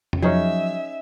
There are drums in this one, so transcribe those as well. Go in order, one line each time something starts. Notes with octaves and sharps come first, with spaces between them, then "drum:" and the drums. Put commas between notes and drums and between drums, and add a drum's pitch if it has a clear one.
drum: tom F2
F3 F#3 C#4 D#4 G#4 E5